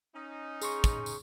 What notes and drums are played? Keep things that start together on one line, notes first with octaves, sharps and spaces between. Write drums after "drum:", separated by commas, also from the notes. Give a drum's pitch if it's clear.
C#4 D#4
G#4 C6 C#6, drum: tambourine
drum: kick, tambourine
drum: tambourine